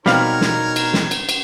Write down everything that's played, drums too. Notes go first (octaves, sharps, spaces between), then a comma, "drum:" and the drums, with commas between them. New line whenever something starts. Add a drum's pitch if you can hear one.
B2 G3 B3 C4 D#4 A#4 C#5 F5, drum: snare
drum: snare
drum: cymbal
drum: snare
drum: cymbal
drum: cymbal